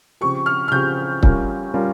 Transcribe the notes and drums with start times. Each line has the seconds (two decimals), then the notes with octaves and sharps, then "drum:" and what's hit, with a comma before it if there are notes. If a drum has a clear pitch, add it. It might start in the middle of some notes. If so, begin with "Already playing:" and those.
0.21 C#3 F3 C4 G4 C#6
0.46 F6
0.68 F6
0.72 C#3 F3 C4 G4 G6
1.23 G3 C#4 F4 A#4, drum: kick C#1
1.74 G3 C#4 F4 A#4